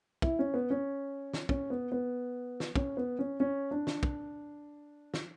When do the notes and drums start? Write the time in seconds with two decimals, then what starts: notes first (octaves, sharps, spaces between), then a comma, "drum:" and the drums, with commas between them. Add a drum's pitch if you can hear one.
0.22 E4, drum: kick
0.39 C#4
0.54 B3
0.70 C#4
1.34 drum: snare
1.49 C#4, drum: kick
1.70 B3
1.92 B3
2.60 drum: snare
2.76 C#4, drum: kick
2.97 B3
3.19 C#4
3.40 C#4
3.71 D4
3.87 drum: snare
4.03 drum: kick
5.14 drum: snare